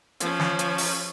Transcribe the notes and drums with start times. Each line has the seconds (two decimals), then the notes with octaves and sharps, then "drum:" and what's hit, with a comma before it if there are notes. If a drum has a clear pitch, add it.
0.20 F3 C#4, drum: hi-hat
0.40 drum: snare
0.59 drum: hi-hat
0.78 drum: open hi-hat